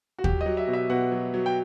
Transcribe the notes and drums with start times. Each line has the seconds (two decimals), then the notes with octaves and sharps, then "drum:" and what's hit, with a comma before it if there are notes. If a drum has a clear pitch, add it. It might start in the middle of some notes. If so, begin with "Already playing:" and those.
0.19 F#4
0.24 F#3 G4, drum: kick D#2
0.41 D#5
0.46 F#3
0.57 E5
0.68 B2
0.73 E5
0.89 B2 F#5
1.12 F#3
1.34 F#3
1.46 G5